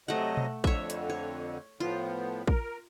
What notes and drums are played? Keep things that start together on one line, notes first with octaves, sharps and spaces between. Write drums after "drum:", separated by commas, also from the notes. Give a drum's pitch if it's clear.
C3 F#3 A3 D#5 F#5
drum: tom B2
F2 D3 C#5 E5, drum: kick
drum: hi-hat
C#5
A2 F3 B3 F4
A#4, drum: kick